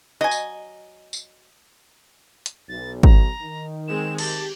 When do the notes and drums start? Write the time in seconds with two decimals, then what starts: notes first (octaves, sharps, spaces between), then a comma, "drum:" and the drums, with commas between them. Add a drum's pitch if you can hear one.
0.21 F#3 D#5 G#5
0.31 drum: tambourine
1.13 drum: tambourine
2.46 drum: hi-hat
2.69 B1 A6
3.03 A#5, drum: kick
3.41 D#3
3.88 G#3 C4 G#4 E7
4.18 G4 A5, drum: cymbal